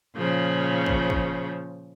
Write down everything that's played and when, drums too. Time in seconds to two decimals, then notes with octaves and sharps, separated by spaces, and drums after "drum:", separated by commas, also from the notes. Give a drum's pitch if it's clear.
0.16 A#2 C#3 F3
0.86 drum: kick
1.10 drum: kick